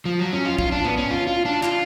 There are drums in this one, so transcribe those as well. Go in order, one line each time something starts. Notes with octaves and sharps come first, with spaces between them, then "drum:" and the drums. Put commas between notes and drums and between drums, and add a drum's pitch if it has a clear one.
F3
F#3
C#4
F4
F4, drum: kick
D4
B3, drum: tom G#2
C#4
F4
F4
D4
F4, drum: clap